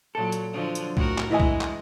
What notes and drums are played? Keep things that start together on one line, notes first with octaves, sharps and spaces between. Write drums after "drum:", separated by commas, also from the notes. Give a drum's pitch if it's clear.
A#2 F#3 A4
drum: hi-hat
D3 F3 F#3
drum: hi-hat
A2 F#4 A#4, drum: kick B1
drum: clap
E3 G#3 E4 D#5 G#5
drum: kick B1
drum: clap